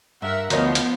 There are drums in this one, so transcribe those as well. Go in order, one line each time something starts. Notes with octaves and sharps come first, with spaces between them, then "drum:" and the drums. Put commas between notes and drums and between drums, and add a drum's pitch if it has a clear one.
G2 A#4 E5 F#5
D2 F3 B3 A#4 C#5 D#5, drum: hi-hat
drum: hi-hat